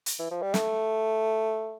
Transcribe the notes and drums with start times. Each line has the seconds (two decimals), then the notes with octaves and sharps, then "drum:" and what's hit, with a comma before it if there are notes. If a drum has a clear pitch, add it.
0.06 drum: hi-hat
0.19 E3
0.31 F3
0.42 G3
0.54 A3, drum: snare